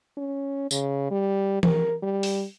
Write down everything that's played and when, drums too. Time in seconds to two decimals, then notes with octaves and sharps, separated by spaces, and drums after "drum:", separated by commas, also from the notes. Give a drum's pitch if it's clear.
0.18 C#4
0.71 C#3, drum: tambourine
1.11 G3
1.63 A#4, drum: tom E3
2.03 G3
2.23 drum: open hi-hat